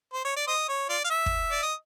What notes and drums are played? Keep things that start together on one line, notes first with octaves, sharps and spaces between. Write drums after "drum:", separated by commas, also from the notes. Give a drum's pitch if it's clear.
C5
C#5
D5
C5 D#5
C#5
F4 D5
F5
E5
drum: kick
D5
D#5